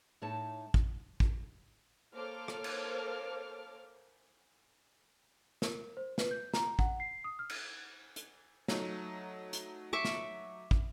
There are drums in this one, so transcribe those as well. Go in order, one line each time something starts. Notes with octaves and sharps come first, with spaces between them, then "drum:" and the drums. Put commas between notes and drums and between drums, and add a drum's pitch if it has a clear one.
A2 A3 D#4 C#5 A5
drum: kick
drum: kick
A#3 A4 C5 C#5 D6 F6
drum: rim click
drum: cymbal
A#4, drum: snare
C5
B4, drum: snare
G6
A#5, drum: snare
F#5, drum: kick
C7
D#6
F6
drum: cymbal
drum: hi-hat
F#3 A3 D#4, drum: snare
drum: hi-hat
E5 C#6 D6
drum: snare
drum: kick